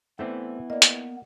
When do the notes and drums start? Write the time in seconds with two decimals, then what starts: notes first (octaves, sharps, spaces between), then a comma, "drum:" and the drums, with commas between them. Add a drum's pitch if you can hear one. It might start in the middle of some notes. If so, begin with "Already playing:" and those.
0.19 A3 B3 C4 E4 B4 D5
0.70 A#3 D5 D#5
0.82 drum: hi-hat